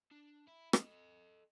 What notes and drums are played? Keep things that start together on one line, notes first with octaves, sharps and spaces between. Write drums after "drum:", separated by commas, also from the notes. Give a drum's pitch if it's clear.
D4
E4
A4 D#5, drum: rim click